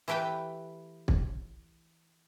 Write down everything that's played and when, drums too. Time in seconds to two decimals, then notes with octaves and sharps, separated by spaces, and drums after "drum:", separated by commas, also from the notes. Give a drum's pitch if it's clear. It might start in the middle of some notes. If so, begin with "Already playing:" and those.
0.08 E3 A3 G4 B4 G5
1.08 drum: kick